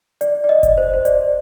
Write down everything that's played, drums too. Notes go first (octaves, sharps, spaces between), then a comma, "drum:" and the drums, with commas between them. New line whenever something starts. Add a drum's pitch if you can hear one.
D5, drum: hi-hat
D5
D#5
drum: kick F#1, hi-hat
C5
C5
D5, drum: hi-hat